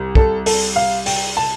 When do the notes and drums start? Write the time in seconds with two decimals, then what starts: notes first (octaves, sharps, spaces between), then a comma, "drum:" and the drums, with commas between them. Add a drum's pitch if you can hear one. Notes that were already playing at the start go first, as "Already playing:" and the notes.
Already playing: C2
0.15 A4, drum: kick
0.46 A4, drum: open hi-hat
0.76 F5
1.06 G5, drum: open hi-hat
1.37 A5